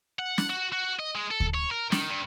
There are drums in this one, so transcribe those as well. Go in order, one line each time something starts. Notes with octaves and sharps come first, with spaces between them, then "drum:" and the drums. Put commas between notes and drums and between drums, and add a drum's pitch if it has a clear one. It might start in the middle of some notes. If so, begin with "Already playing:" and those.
F#5
F#5, drum: snare
F#4
F#4
D#5
G#3
A4
drum: kick D2
C#5
A#4
D#3, drum: snare
G2